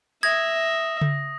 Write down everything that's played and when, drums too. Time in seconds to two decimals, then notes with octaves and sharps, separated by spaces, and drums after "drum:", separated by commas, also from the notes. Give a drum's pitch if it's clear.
0.23 E5 D#6 G#6 A#6
1.01 drum: tom C#3